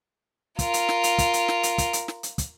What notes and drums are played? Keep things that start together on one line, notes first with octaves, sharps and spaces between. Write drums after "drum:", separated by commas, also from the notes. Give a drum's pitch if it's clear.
F4 A#4, drum: kick, hi-hat
drum: hi-hat
drum: snare
drum: hi-hat
drum: kick, hi-hat
drum: hi-hat
drum: snare
drum: hi-hat
drum: kick, hi-hat
drum: hi-hat
drum: snare
drum: hi-hat
drum: kick, hi-hat